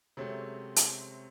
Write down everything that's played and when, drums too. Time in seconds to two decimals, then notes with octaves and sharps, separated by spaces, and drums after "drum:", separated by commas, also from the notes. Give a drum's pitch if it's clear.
0.17 C3 F#3 G#3 A3 C4 C#4
0.76 drum: hi-hat